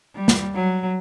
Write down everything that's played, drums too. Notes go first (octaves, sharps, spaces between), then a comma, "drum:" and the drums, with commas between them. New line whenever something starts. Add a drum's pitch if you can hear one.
G3
drum: snare
F#3